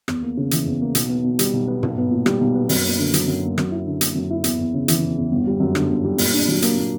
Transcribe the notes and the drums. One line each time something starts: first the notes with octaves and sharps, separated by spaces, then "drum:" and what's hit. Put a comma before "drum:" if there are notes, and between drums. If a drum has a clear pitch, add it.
E2, drum: rim click
A#3
C#3
E3, drum: hi-hat
E2
A#3
B1, drum: hi-hat
B3
B2
G3, drum: hi-hat
B1
B3
B1, drum: tom
B3
A#2
G3, drum: rim click
B1
B3
F#2, drum: open hi-hat
A#3
D3
F#3, drum: hi-hat
F#2
A#3
F#2, drum: rim click
E4
D3
A#3, drum: hi-hat
F#2
E4
E2, drum: hi-hat
E2
C#3
E3, drum: hi-hat
E2
E2
G1
G3
F#2
D3, drum: rim click
G1
G3
A#2, drum: open hi-hat
D4
F#3
A#3, drum: hi-hat
A#2